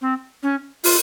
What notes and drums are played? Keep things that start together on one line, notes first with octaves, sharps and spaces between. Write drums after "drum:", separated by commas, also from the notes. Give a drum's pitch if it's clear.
C4
C#4
F4, drum: open hi-hat